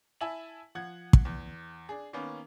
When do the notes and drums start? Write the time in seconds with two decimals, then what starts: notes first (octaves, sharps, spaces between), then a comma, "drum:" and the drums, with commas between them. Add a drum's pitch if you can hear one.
0.21 E4 E5 G#5 A5 F#7
0.75 F3 F#5 G#6
1.13 drum: kick
1.25 E2
1.89 D4 G#4
2.13 D#3 A#3 B3 C#4